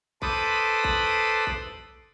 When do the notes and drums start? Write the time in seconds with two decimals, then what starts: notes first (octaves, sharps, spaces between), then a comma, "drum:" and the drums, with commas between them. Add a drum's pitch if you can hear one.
0.22 A4 B4 C5 B5 D6 D#6, drum: kick A#1
0.84 drum: kick A#1
1.47 drum: kick A#1